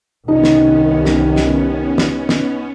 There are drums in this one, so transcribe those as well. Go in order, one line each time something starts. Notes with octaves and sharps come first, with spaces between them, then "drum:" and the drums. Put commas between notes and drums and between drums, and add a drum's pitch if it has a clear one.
C2 D#3 B3 C#4 D#4
drum: snare
drum: snare
drum: snare
drum: snare
drum: snare